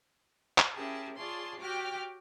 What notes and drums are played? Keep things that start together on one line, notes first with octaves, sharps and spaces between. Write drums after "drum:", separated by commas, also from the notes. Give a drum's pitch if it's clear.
drum: clap
C#4 E4 G4 G#4 A#4 A5
F4 G#4 C#5 D5 A5 C6
F#4 G4 C#5 G5 D6 F6